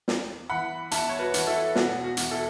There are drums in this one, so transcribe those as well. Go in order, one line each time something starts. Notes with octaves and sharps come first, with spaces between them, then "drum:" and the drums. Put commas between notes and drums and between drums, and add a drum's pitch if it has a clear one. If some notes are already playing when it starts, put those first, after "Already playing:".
E2, drum: snare
E3 F#5 B5
E2 E5 A5, drum: hi-hat
C#5
F#4 B4
E3, drum: hi-hat
E4 A4
E1 F#4, drum: snare
F#4
E2 E3, drum: hi-hat
E4 A4